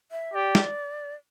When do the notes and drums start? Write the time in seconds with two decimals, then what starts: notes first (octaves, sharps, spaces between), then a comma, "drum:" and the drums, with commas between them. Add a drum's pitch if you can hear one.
0.11 E5
0.34 G4 D5
0.55 drum: snare